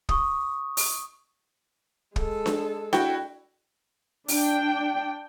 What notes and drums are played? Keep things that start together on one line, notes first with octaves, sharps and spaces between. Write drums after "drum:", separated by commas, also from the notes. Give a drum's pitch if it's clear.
C#6 D#6, drum: kick
drum: open hi-hat
G#3 A4, drum: kick
drum: snare D4
E4 F#4 G5, drum: snare D4
D4 G5, drum: open hi-hat